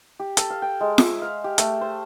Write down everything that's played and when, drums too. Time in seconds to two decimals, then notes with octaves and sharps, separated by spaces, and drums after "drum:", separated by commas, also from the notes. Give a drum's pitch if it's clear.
0.20 G4
0.37 A4, drum: hi-hat
0.50 F5
0.62 G5
0.80 G#3
0.98 E5, drum: snare
1.22 F5
1.44 G4
1.58 A3, drum: hi-hat
1.81 C5